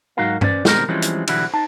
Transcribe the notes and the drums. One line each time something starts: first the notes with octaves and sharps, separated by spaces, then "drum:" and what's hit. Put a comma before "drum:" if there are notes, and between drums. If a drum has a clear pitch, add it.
G#2 F#3 D#4 F#4 A#4 F5
C#4 B4 C5 D5, drum: tom G2
B2 D#3 G3 C4 E4 A#4, drum: snare
E3 F3 G3 G#3 C4 C#4
drum: hi-hat
B1 D3 E3 G3 E4 F#4, drum: cymbal
D#4 A5